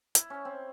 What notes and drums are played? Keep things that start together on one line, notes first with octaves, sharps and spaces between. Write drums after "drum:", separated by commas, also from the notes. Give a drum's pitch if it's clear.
E4, drum: hi-hat
C#4
C4